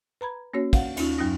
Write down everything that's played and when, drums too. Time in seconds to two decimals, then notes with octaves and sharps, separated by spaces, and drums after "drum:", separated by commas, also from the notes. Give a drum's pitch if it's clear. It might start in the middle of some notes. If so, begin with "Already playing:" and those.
0.21 B4 A#5 B5 G#6
0.54 A#3 C#4 F#4 C#5
0.73 F5 F#5, drum: kick, cymbal
0.97 D#2 C#4 D#4 F4, drum: cymbal
1.18 F#2 F#3 C#4 D#4 D#6 A#6